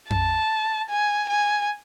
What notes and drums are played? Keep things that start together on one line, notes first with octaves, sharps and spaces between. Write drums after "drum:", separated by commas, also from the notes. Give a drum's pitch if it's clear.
A5, drum: tom F2
G#5
G#5